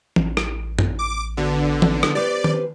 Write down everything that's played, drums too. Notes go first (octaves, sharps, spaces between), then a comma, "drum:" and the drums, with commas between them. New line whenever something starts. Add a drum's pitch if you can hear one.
A1, drum: tom E3
drum: rim click
drum: tom F#2
D6
D3 B3 F#4
drum: tom E3
drum: rim click
G4 B4 C5 D5
drum: tom D#3